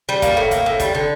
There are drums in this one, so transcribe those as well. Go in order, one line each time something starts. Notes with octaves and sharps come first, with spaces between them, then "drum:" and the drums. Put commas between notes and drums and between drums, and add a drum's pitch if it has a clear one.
G3
A#3, drum: kick, hi-hat
A2
A#3, drum: kick, hi-hat
A2
G3, drum: kick, hi-hat
D3